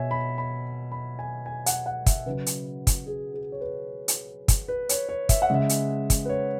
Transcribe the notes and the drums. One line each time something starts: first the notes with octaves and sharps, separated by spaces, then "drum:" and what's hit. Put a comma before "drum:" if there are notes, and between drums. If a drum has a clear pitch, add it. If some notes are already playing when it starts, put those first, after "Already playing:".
Already playing: B2 C#5 E5 G#5
B5
B5
B5
G#5
G#5
F#5, drum: hi-hat
F#5
E5, drum: kick, hi-hat
C#3 F#3 B4
drum: hi-hat
drum: kick, hi-hat
G#4
G#4
C#5
B4
drum: hi-hat
drum: kick, hi-hat
B4
C#5, drum: hi-hat
C#5
E5, drum: kick, hi-hat
F#5
C#3 G#3 E5
drum: hi-hat
drum: kick, hi-hat
B4
C#5